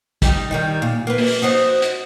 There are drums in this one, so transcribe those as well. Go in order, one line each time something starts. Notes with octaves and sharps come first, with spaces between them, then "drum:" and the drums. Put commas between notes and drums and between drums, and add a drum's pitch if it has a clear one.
G3 D#4 G4, drum: kick, hi-hat
D#3 G3 D#4
A#2
A#3 B4
drum: open hi-hat
D#4 F#4 C5
drum: hi-hat